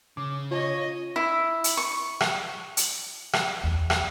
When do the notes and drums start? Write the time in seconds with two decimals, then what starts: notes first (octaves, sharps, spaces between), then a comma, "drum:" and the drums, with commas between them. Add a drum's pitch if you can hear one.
0.17 C#3 D6
0.51 F4 C#5 D#5
1.16 E4
1.64 drum: hi-hat
1.77 C#6
2.20 drum: rim click
2.77 drum: hi-hat
3.33 drum: rim click
3.63 E2
3.90 drum: rim click